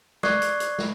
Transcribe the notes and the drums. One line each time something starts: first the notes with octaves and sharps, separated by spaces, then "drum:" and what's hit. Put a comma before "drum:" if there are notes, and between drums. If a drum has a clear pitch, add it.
D5 C#6 D#6 F#6 G#6 C7, drum: snare
drum: hi-hat
drum: hi-hat
drum: snare